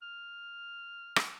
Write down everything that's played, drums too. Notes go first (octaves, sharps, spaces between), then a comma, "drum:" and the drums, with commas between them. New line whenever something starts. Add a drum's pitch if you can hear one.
F6
drum: rim click